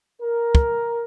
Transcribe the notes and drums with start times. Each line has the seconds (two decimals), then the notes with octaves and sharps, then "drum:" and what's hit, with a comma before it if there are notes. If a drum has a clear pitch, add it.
0.22 A#4
0.55 drum: kick